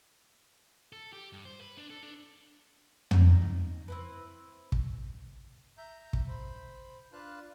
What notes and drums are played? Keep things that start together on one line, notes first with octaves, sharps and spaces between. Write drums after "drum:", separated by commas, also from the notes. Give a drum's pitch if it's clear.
A4
G4
G2
C5
B4
D4
A4
D4
D#4, drum: tom
C4 E4 B4
drum: kick
E5 A#5 G6
drum: kick
C5 B5
D4 F4 B4 F5 A5 F#6